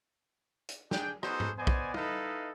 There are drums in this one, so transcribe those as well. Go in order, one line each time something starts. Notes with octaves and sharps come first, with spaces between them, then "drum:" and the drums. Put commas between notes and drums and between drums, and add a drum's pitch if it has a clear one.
drum: hi-hat
D4 G#4 G5, drum: snare
B3 D#4 F#4 G#4 A4 C5, drum: rim click
drum: tom G#2
B3 C5 D5 D#5 G#5
drum: kick
D#4 E4 A4 B4 D#5 F5, drum: tom